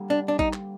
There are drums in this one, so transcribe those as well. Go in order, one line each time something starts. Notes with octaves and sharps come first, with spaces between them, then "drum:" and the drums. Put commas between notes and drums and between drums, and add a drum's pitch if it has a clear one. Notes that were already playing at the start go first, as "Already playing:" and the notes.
Already playing: G2 D3 G3 A#3
D4
D4
D#4, drum: kick A1
drum: clap